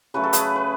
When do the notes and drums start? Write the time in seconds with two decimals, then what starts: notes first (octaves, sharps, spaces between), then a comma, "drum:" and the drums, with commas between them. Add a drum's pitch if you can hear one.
0.14 C#3 F#3 A3 B4
0.24 A4
0.33 G#4 B4, drum: hi-hat
0.56 B4